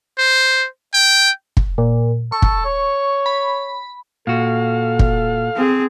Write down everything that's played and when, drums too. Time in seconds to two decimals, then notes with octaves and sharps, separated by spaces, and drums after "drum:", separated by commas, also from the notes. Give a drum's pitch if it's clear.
0.18 C5
0.94 G5
1.57 drum: kick
1.78 A#2
2.32 A4 C#6
2.42 drum: kick
2.65 C#5
3.26 B5
4.27 A#2 F#4 A4 F5
4.99 drum: kick
5.56 C4 G#4